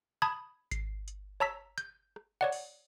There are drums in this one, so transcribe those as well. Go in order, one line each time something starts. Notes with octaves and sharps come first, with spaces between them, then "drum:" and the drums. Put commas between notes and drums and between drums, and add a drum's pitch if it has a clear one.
A5 B5 D#6 G#6
C7, drum: kick G#1, hi-hat
drum: hi-hat
C#5 A5 A#5 E6 B6
G6, drum: hi-hat
drum: rim click
C#5 D5 F#5
drum: open hi-hat